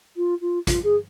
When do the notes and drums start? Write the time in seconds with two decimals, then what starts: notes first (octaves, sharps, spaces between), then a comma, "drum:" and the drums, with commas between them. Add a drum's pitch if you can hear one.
0.17 F4
0.41 F4
0.67 F4, drum: kick, hi-hat
0.84 G#4